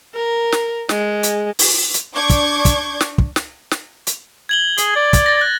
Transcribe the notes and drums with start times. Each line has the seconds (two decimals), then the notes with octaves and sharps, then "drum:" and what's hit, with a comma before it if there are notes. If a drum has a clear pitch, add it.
0.14 A#4
0.52 drum: snare
0.89 G#3, drum: snare
1.23 drum: hi-hat
1.59 drum: open hi-hat
1.94 drum: hi-hat
2.15 D4 C#6 D6 G6 G#6
2.30 drum: kick, hi-hat
2.65 drum: kick, hi-hat
3.01 drum: snare
3.18 drum: kick
3.36 drum: snare
3.71 drum: snare
4.07 drum: hi-hat
4.49 G#6 F#7 G7
4.78 G#4, drum: hi-hat
4.96 D5
5.13 drum: kick, hi-hat
5.26 A6 A#6
5.41 F#6